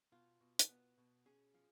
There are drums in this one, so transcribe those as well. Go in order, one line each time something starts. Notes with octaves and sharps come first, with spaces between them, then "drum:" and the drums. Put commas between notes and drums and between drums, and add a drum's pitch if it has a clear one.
B2 F4
B2
drum: hi-hat
B3
B2
C#4 G#4
F3